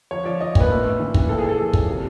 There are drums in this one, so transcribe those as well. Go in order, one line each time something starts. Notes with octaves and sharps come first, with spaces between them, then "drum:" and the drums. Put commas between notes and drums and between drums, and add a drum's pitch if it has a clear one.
F3 C#5
F3 D5
F3 D#5
A#2, drum: kick
B4
A2
A2
E3
E3, drum: kick
A#2 A4
G#4
A#2 A4
F3 A4
A#2, drum: kick
C3